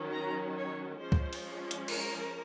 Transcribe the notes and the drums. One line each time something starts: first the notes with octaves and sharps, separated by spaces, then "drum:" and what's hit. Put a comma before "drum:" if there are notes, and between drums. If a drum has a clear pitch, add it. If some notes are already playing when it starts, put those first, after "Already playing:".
Already playing: D#3 F#3 C#4
A#5
C#5
F3 G#3 C#4 C5
drum: kick
drum: cymbal
drum: hi-hat
A#4, drum: cymbal